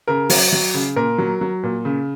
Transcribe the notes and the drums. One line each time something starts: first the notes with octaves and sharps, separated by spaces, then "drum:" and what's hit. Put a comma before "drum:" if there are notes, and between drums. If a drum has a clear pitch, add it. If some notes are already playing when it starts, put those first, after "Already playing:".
C#3 A#4
F#3, drum: open hi-hat
F#3
C#3
A#2 A#4
F#3
F#3
A#2
C#3